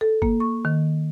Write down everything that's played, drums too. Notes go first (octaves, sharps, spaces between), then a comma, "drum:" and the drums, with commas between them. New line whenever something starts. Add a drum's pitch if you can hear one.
A4
A#3, drum: kick G1
C#6
D#3